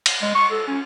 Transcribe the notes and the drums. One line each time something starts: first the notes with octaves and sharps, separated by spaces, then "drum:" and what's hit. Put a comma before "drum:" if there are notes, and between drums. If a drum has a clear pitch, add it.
drum: cymbal
G#3
C#6
A4
C#4